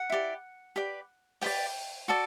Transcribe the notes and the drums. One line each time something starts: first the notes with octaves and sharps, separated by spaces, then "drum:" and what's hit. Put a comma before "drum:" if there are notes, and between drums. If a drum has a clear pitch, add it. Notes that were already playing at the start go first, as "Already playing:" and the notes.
Already playing: F#5
E4 G4 D5
G4 B4 D5
G4 B4 D5 G5, drum: open hi-hat
F#4 A4 D5